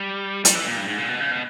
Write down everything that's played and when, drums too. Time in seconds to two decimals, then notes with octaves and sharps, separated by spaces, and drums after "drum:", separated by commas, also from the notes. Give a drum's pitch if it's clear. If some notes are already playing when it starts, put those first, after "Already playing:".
Already playing: G3
0.45 G3, drum: hi-hat
0.55 E3
0.66 A#2
0.77 G2
0.88 G#2
0.98 A#2
1.09 B2
1.20 C#3
1.31 B2